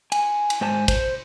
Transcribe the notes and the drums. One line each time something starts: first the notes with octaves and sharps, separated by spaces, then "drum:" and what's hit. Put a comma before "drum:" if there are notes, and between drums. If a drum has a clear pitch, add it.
G#5, drum: cymbal
drum: cymbal
G#2 C5 G#5 A5
C5, drum: kick, cymbal